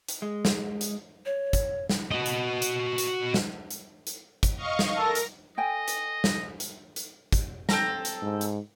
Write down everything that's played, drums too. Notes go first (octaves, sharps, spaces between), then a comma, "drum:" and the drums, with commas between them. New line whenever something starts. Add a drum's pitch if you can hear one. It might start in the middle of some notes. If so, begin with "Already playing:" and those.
drum: hi-hat
G#3
drum: snare
drum: hi-hat
C#5
drum: kick, hi-hat
drum: snare
F#4 D#5
drum: hi-hat
drum: hi-hat
drum: hi-hat
drum: snare
drum: hi-hat
drum: hi-hat
drum: kick, hi-hat
D#5 F5 C#6
drum: snare
A4 A#4 A#6
drum: hi-hat
A4 D#5 G5 G#5
drum: hi-hat
drum: snare
drum: hi-hat
drum: hi-hat
drum: kick, hi-hat
C4 A4 A#5, drum: snare
drum: hi-hat
G#2
drum: hi-hat